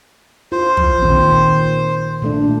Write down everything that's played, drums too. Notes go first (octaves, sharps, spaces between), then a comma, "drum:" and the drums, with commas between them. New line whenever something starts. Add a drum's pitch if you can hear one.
F4 C5
drum: tom
A#2 D#3 C4
A#2 A3 D4